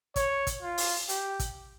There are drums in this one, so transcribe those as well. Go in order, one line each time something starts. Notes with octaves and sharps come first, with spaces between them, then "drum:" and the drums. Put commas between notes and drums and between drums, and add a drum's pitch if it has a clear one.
C#5, drum: kick, hi-hat
drum: kick, hi-hat
F4
drum: open hi-hat
G4, drum: hi-hat
drum: kick, hi-hat